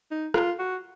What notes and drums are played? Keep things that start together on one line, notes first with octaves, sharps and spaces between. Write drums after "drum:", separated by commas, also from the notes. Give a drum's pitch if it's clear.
D#4
F4, drum: rim click
F#4